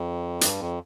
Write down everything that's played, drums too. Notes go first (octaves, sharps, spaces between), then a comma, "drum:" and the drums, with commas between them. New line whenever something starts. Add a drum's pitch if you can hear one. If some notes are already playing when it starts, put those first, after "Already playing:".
Already playing: F2
G2, drum: hi-hat
F2